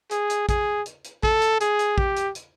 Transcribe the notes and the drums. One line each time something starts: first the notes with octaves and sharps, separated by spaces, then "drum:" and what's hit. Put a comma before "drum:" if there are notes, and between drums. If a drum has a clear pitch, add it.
G#4, drum: hi-hat
drum: hi-hat
G#4, drum: kick, hi-hat
drum: hi-hat
drum: hi-hat
A4, drum: kick
drum: hi-hat
G#4, drum: hi-hat
drum: hi-hat
G4, drum: kick
drum: hi-hat
drum: hi-hat